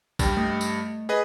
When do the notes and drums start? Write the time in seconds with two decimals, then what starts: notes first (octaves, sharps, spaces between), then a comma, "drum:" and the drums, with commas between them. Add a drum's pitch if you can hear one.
0.19 G2 G3 G5, drum: kick, tambourine
0.37 A3
0.61 drum: tambourine
1.09 G#4 B4 D#5